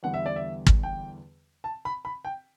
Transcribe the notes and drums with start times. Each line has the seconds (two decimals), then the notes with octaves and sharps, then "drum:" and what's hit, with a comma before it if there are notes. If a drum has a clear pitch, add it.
0.03 E2 D3 G3 B3 F#5
0.14 E5
0.26 D5
0.36 E5
0.67 drum: kick
0.83 G5
1.64 A5
1.85 B5
2.05 B5
2.25 G5